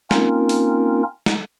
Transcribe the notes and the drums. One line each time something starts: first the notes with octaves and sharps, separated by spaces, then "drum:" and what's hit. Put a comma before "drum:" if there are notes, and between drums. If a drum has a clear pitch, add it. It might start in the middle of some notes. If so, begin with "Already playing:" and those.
A#3 C4 C#4 D#4 F4 A#4, drum: snare
drum: open hi-hat
drum: snare